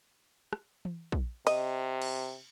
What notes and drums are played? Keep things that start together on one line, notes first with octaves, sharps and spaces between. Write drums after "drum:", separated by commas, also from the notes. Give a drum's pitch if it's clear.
drum: rim click
drum: tom E3
drum: kick
C3 D#5, drum: cymbal
drum: cymbal